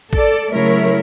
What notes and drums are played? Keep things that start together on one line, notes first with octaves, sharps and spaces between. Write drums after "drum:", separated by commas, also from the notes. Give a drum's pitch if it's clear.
A4 D5, drum: kick
C#3 F#3 A3 E4 A#4 C#5